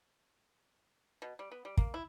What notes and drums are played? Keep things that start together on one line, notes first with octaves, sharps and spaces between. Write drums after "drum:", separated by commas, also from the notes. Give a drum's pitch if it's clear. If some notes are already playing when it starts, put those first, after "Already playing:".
B2
G3
B3
G3
A#3, drum: kick
E4